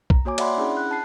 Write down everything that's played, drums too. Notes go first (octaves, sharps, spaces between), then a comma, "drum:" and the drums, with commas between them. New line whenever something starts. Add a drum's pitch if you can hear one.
A#5, drum: kick
A#3 F#4 C#5 G#5 D6
D5 E5 F#5 B5 C6, drum: cymbal
C#4 D4 E4 G#4 F#5 B5
F#6
A5 C7